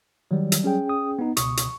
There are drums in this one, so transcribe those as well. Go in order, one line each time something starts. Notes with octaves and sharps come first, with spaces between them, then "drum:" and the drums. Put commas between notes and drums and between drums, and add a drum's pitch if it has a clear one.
D#3 F#3 G3
drum: hi-hat
C#4 G#4 G5
D#6
B3 D#4
C#2 B2 C#6 D#6, drum: hi-hat
drum: hi-hat